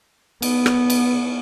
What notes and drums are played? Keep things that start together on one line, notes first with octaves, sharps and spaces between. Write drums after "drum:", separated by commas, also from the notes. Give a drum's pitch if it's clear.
B3, drum: cymbal
drum: rim click
drum: cymbal